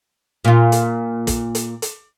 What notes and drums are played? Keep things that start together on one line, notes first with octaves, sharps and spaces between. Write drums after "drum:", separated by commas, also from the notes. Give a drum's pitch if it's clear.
A#2 F4
drum: hi-hat
drum: kick, hi-hat
drum: hi-hat
drum: hi-hat